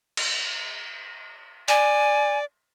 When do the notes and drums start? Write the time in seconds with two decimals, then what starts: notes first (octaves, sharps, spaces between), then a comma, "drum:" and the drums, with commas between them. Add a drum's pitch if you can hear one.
0.17 drum: cymbal
1.68 D5 G#5, drum: hi-hat